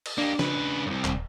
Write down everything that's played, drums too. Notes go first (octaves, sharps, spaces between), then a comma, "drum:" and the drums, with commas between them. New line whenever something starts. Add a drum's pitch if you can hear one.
drum: cymbal
A#3 D4 G4
C#3 B4, drum: snare
C2 F#2
D#1, drum: clap